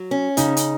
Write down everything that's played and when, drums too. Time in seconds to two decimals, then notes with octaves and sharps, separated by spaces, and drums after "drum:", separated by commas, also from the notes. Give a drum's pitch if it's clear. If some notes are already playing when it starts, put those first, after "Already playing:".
Already playing: F#3
0.11 C#4
0.37 C#3 D#4, drum: hi-hat
0.57 drum: hi-hat